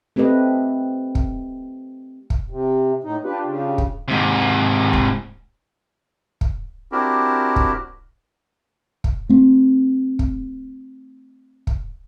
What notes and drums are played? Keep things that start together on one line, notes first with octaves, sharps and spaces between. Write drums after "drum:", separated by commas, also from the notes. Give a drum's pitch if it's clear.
A3 C4 G4 B4 D#5
drum: kick
drum: kick
C3
A2 D#4
D4 F4 G4 B4
C#3
drum: kick
G#2 C3
drum: kick
drum: kick
C4 D4 E4 F#4 G4 A#4
drum: kick
drum: kick
A3 C4
drum: kick
drum: kick